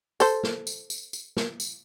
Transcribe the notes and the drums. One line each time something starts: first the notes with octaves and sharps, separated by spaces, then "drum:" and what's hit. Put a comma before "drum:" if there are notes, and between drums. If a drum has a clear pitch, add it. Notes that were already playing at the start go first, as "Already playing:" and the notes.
A4 C5, drum: tambourine
drum: snare
drum: tambourine
drum: tambourine
drum: tambourine
drum: snare
drum: tambourine